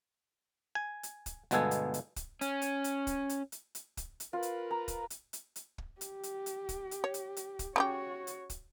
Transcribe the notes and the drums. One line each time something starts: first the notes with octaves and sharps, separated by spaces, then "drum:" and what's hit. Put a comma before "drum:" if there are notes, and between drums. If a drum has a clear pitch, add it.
G#5
drum: hi-hat
drum: kick, hi-hat
G1 B2 G#3 B3 A4 G#5, drum: hi-hat
drum: hi-hat
drum: hi-hat
drum: kick, hi-hat
C#4, drum: hi-hat
drum: hi-hat
drum: hi-hat
drum: kick, hi-hat
drum: hi-hat
drum: hi-hat
drum: hi-hat
drum: kick, hi-hat
drum: hi-hat
F4 A#4 B4
drum: hi-hat
A#5
drum: kick, hi-hat
drum: hi-hat
drum: hi-hat
drum: hi-hat
drum: kick
G4, drum: hi-hat
drum: hi-hat
drum: hi-hat
drum: kick, hi-hat
drum: hi-hat
C#5
drum: hi-hat
drum: hi-hat
drum: kick, hi-hat
C#3 D#4 F#4 G4 C#5
drum: hi-hat
drum: kick, hi-hat